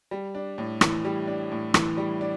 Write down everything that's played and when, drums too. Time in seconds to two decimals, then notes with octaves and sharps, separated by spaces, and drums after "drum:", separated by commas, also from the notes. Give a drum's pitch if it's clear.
0.11 G3
0.35 D4
0.58 A2
0.81 E3, drum: rim click
1.05 G3
1.27 D4
1.52 A2
1.74 E3, drum: rim click
1.97 G3
2.21 D4